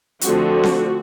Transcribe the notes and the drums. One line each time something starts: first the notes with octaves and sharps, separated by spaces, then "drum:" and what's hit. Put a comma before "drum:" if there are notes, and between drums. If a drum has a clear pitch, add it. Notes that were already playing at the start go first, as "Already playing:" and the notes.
D3 F3 A3 C4 F#4, drum: hi-hat
drum: snare C4